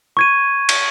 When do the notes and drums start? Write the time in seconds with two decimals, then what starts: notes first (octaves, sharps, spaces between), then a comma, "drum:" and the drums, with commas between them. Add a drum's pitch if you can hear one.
0.17 C#6 G#6 D#7
0.69 drum: cymbal